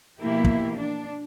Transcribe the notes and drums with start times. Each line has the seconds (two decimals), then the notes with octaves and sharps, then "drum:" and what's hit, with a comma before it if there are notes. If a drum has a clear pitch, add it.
0.20 B2 E3 F3 A#3 E4 G4
0.44 drum: kick
0.75 D4